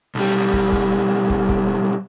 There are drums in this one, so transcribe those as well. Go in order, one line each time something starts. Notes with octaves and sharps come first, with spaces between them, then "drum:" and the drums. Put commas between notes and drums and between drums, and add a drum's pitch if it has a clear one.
B1 G3
drum: kick
drum: kick
drum: kick
drum: kick